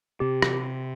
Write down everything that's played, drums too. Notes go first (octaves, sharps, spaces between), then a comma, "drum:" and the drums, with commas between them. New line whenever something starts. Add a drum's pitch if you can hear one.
C3 G4
drum: rim click